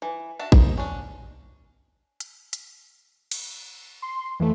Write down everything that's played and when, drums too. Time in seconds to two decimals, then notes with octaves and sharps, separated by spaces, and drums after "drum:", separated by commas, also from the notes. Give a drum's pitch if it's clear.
0.02 E3
0.39 D4 F#4 E5 A5
0.52 A#3 C4 D#4, drum: kick A1
0.77 C#4 D4
2.20 drum: hi-hat
2.53 drum: hi-hat
3.32 drum: cymbal
4.02 C6
4.40 F2 E3 A3